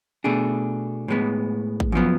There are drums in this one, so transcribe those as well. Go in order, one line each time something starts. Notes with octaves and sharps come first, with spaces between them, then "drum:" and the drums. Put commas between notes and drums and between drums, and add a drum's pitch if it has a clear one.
B2 A3 D4 G#4
A2 G#3 B3
drum: kick
F#2 F3 B3